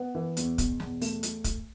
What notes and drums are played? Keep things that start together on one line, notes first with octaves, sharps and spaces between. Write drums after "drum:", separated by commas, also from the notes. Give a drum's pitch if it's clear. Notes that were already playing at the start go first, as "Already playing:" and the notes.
Already playing: B3
E3
E2, drum: hi-hat
B2, drum: kick, hi-hat
E2, drum: snare
A3, drum: open hi-hat
drum: hi-hat
drum: kick, hi-hat